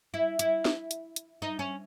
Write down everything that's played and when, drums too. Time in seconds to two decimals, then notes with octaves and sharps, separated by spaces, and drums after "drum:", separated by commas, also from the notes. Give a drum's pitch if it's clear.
0.14 E4
0.39 E4, drum: hi-hat
0.65 drum: snare
0.91 drum: hi-hat
1.16 drum: hi-hat
1.42 D#4
1.59 C#4